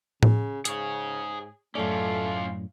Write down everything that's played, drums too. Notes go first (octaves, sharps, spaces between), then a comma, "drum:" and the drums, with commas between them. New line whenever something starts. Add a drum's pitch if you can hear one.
C#3, drum: tom A2
G#2 G#4 C#5, drum: hi-hat
F#2 A2 A3 C#4 F4 D5